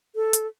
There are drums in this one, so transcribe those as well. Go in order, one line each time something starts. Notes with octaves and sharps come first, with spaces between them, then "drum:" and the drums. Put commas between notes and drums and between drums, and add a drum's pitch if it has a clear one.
A4
drum: hi-hat